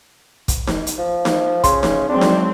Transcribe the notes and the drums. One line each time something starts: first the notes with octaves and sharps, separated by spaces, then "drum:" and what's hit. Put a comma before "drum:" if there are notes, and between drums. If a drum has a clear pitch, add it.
drum: kick, hi-hat
drum: snare D#4
drum: hi-hat
F3
drum: snare D#4
C#3 C6, drum: kick, hi-hat
drum: snare D#4
F#3 G#3 C4 D4
drum: snare D#4